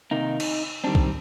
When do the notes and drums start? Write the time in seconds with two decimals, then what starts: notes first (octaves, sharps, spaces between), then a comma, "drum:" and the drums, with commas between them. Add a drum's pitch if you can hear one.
0.11 C3 D#3 A#3 D#4
0.40 drum: cymbal
0.84 D#3 G3 C4 D4
0.95 drum: kick